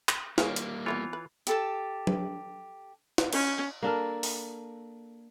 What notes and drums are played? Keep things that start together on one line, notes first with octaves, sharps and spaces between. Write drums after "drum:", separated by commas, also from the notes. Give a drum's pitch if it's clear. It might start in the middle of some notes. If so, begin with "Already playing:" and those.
drum: clap
G3 A#3 G#4 C#5 F5, drum: snare
drum: hi-hat
E3 F3 G#3 B3 F4 C#5
B4
G4 A4 A5, drum: hi-hat
drum: tom
drum: snare
C#4, drum: cymbal
A#3 D4 A4 A#4
drum: open hi-hat